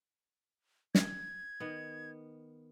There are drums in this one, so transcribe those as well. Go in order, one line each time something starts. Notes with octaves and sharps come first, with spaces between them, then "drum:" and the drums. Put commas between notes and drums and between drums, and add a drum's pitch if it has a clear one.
G#6, drum: snare
D#3 B3